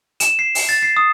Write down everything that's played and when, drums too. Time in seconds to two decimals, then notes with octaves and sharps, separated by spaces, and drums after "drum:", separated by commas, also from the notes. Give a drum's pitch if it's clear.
0.20 E7, drum: hi-hat
0.39 C7
0.55 drum: open hi-hat
0.69 A6
0.82 C7
0.97 D#6